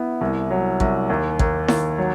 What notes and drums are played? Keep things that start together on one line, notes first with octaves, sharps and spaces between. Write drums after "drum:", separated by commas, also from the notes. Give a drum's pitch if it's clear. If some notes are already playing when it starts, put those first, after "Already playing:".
Already playing: B3 E4
C2
F#3
C2, drum: kick
D#2
D#2, drum: kick
D#2, drum: snare E4
F#3